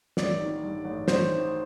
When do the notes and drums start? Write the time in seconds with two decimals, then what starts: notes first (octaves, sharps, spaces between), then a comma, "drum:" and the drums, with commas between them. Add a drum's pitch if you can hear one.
0.17 A1 D5, drum: snare
0.39 D#3
0.63 G2
0.85 A1
1.08 A1 C5, drum: snare
1.29 D#3